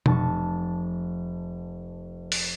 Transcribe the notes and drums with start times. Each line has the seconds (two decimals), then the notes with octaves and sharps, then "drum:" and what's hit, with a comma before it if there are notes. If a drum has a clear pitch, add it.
0.06 F1 A5 C#6, drum: tom B2
2.32 drum: open hi-hat